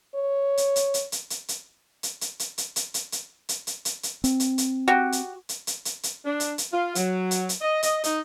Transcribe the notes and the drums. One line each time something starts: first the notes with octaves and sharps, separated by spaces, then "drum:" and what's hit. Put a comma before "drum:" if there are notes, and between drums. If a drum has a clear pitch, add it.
C#5
drum: hi-hat
drum: hi-hat
drum: hi-hat
drum: hi-hat
drum: hi-hat
drum: hi-hat
drum: hi-hat
drum: hi-hat
drum: hi-hat
drum: hi-hat
drum: hi-hat
drum: hi-hat
drum: hi-hat
drum: hi-hat
drum: hi-hat
drum: hi-hat
drum: hi-hat
C4, drum: hi-hat
drum: hi-hat
drum: hi-hat
F#4 G4
drum: hi-hat
drum: hi-hat
drum: hi-hat
drum: hi-hat
drum: hi-hat
D4
drum: hi-hat
drum: hi-hat
F4
F#3, drum: hi-hat
drum: hi-hat
drum: hi-hat
D#5
D#5, drum: hi-hat
D#4, drum: hi-hat